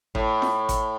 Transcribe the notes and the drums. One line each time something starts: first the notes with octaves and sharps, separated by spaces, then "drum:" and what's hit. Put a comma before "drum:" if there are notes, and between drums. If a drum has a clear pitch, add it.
A2, drum: kick G#1
drum: snare F4
drum: kick G#1, hi-hat